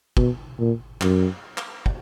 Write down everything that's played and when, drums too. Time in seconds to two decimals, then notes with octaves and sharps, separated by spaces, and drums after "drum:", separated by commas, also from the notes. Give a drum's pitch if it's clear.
0.17 B2, drum: kick
0.59 A#2
1.01 F#2, drum: clap
1.58 drum: clap
1.86 drum: kick